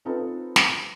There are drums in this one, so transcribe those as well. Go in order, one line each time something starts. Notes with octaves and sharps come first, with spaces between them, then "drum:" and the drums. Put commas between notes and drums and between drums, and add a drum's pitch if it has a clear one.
C4 D#4 F4 A4 B4
drum: snare